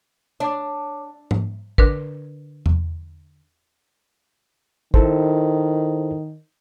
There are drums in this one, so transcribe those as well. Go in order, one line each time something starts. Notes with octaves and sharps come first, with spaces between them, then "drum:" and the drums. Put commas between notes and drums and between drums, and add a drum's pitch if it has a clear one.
D4 C#5 D6
drum: tom G#2
D3 D4 A#4 B4, drum: kick
drum: tom E2
D#3 E4 A4 C5, drum: kick